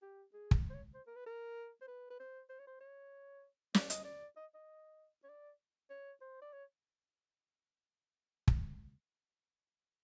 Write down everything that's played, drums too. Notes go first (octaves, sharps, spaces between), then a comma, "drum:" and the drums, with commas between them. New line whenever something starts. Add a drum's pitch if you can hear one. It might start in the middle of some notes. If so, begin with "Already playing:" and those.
G4
G#4
drum: kick
C5
C#5
C5
A#4
B4
A#4
C5
B4
B4
C5
C5
C#5
C5
C#5
D5, drum: snare
D#5, drum: hi-hat
D5
D#5
D#5
C#5
D5
C#5
C5
D5
C#5
drum: kick